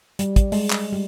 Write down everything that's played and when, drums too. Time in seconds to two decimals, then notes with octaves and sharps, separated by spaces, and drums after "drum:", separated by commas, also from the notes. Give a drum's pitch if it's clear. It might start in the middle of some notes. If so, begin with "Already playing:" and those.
0.19 G3, drum: hi-hat
0.36 drum: kick, hi-hat
0.52 G#3, drum: open hi-hat
0.71 drum: clap
0.93 G3